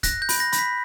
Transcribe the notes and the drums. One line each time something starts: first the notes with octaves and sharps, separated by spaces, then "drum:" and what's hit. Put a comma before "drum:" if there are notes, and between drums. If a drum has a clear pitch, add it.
F#6 A#6, drum: kick, hi-hat
G6
B5, drum: open hi-hat
A#6
B5, drum: hi-hat
B6